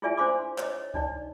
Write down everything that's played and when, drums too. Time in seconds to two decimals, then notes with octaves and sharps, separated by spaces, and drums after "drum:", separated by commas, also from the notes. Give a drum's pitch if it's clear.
0.02 E4 F4 G#4 D5 E5 G#5
0.17 D4 C5 F5 C6 D6
0.58 C#5 D#5, drum: clap
0.94 D4 D#4 D5, drum: kick C#2